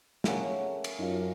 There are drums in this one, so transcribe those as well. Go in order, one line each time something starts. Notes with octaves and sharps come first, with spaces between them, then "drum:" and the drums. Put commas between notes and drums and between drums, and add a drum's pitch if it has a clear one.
A3 A#3 C#4 G#4 F#5, drum: snare
drum: cymbal
F#2 D#4 F4 F5